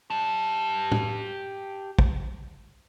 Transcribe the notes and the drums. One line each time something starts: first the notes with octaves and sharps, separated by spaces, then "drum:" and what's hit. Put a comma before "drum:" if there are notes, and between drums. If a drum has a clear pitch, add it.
G4 A5
drum: tom
drum: kick